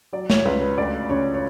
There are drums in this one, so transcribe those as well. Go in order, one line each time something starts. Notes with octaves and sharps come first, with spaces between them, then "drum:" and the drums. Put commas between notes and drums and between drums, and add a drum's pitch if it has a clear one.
F#3 D5
C#5, drum: snare
C#2 B4
B4
D2 D5
C#3 C#5
C#5